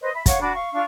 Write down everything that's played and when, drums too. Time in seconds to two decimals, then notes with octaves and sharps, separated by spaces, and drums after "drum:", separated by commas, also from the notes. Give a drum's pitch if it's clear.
0.01 B4 C5 D#5
0.14 E5 B5
0.26 C#5 F5 F#5 C#6, drum: kick, hi-hat
0.41 D4 F#4 B5 D6
0.54 F5 C#6
0.72 D4 F4 F5 C#6